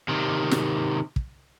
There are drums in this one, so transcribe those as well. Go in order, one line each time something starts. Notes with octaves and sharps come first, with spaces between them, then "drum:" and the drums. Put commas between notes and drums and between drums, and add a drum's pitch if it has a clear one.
C3 D#3
drum: snare
drum: kick